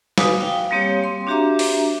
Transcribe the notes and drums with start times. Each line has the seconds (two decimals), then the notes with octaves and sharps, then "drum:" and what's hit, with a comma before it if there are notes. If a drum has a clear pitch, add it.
0.18 F#4 B4 F5 G#5 D6 D#6, drum: snare
0.40 F5 G5
0.71 G3 A#3 C4 G4 C#5 F5
1.04 C6
1.27 D4 F#4 G4 E5 A#5 D6
1.59 drum: open hi-hat